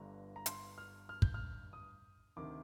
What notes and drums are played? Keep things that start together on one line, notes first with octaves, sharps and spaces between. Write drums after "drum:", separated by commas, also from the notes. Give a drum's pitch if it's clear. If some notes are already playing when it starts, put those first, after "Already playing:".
Already playing: G1 G2 D3 A#5
A#5
C6, drum: hi-hat
F6
F6
G6, drum: kick
F6
D#6
D2 C3 D#3 D6